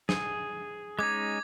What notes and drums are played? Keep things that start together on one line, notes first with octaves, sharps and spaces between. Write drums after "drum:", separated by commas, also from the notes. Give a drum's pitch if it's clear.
G#4, drum: snare
G#3 C#4 D#4 D6 G#6